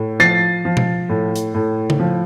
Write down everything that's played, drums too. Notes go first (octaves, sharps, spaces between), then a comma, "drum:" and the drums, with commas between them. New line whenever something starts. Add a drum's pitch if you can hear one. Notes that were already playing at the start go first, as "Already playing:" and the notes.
Already playing: A2
F3 A6 C7
F3
drum: tom B2
A2
drum: hi-hat
A2
drum: tom C#3
F3